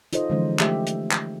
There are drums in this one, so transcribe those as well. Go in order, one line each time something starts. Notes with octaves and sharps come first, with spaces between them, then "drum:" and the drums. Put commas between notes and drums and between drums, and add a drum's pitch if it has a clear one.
D#4 F4 A4 C5 D#5, drum: hi-hat
D3 E3 F3 G#3 C#4 C5
F3 A3 G4 E5, drum: clap
drum: hi-hat
drum: clap